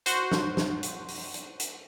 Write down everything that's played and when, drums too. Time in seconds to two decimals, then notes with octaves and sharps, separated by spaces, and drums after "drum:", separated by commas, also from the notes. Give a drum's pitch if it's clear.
0.06 F#4 C5, drum: hi-hat
0.32 drum: snare
0.57 drum: snare
0.83 drum: hi-hat
1.08 drum: open hi-hat
1.34 drum: hi-hat
1.60 drum: hi-hat